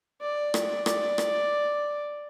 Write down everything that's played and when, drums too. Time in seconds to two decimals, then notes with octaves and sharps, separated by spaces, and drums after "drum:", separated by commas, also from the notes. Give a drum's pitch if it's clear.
0.21 D5
0.54 drum: rim click
0.86 D5, drum: rim click
1.18 drum: rim click